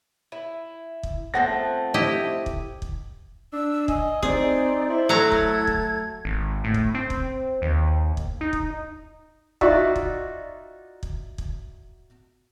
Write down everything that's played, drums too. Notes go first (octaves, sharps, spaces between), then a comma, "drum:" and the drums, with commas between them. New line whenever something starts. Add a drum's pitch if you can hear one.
E4
drum: kick
F3 A3 C4 F#5 A#6
E4 G4 D#5
drum: kick
drum: kick
D4 E6
D#5 G#5, drum: kick
C4 D#4 G#4 D5, drum: kick
E4 C5
F#3 A3 A4 A#5 G#6
drum: kick
drum: kick
G#1
A2
drum: kick
C4
drum: kick
D#2
drum: kick
D#4
drum: kick
D#4 F4 F#4 D5 E5, drum: kick
drum: kick
drum: kick
drum: kick